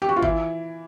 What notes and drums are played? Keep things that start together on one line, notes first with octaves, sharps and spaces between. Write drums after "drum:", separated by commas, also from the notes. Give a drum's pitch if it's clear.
G4
F#4
F4
E3 E4, drum: kick G#1